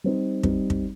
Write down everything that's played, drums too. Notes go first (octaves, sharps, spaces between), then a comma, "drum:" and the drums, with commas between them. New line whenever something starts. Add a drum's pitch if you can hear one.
G3 C4 D#4
G3 C4 D#4, drum: kick
drum: kick